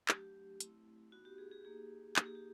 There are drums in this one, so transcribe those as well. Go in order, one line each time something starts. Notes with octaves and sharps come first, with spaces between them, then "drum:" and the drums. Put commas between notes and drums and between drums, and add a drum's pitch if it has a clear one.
F#3 A3 D4 F#4 G4, drum: clap
A3 C4 E4, drum: hi-hat
B3 D#4 F#4
G4
G#4
G#4
G4
A#3 D#4 F#4 G#4
A#3 D#4 F#4 G4, drum: clap
G#4
G4